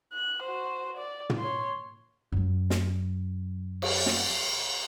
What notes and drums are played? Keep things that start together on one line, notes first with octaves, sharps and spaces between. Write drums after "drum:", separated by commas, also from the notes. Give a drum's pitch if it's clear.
F#6
F#4 C5
D5
drum: tom
C#5 C6
F#2 F#3
drum: snare
drum: cymbal
drum: snare